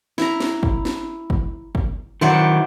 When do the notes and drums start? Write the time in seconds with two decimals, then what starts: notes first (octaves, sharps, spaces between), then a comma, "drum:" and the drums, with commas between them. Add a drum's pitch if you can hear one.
0.18 E4 A#5, drum: snare
0.40 drum: snare
0.63 drum: kick
0.85 drum: snare
1.30 drum: kick
1.75 drum: kick
2.21 D#3 F#3 E4 C5 D5 F#5